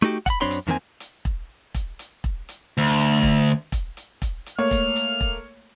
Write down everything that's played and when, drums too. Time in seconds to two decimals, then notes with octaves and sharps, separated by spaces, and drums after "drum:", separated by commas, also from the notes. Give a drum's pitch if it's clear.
0.02 A3 D#4 F#4 G4
0.26 F#5 B5, drum: kick E1, hi-hat
0.41 F#2 C4 D4 C#5 B5 C6
0.51 drum: hi-hat
0.67 F2 D#3 E3 A#3 C4 G#5
1.00 drum: hi-hat
1.25 drum: kick E1
1.74 drum: kick E1, hi-hat
1.99 drum: hi-hat
2.24 drum: kick E1
2.49 drum: hi-hat
2.78 D2
2.98 drum: hi-hat
3.23 drum: kick E1
3.72 drum: kick E1, hi-hat
3.97 drum: hi-hat
4.22 drum: kick E1, hi-hat
4.46 drum: hi-hat
4.58 A3 A#3 C#5 F6
4.71 drum: kick E1, hi-hat
4.96 drum: hi-hat
5.21 drum: kick E1